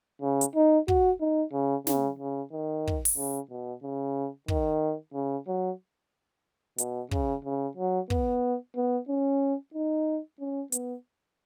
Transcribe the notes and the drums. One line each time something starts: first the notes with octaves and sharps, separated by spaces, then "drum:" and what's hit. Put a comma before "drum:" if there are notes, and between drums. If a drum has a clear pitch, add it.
C#3
drum: hi-hat
D#4
F#4, drum: kick
D#4
C#3
C#3, drum: snare
C#3
D#3
drum: kick
drum: open hi-hat
C#3
B2
C#3
D#3, drum: kick
C#3
F#3
B2, drum: hi-hat
C#3, drum: kick
C#3
F#3
B3, drum: kick
B3
C#4
D#4
C#4
B3, drum: hi-hat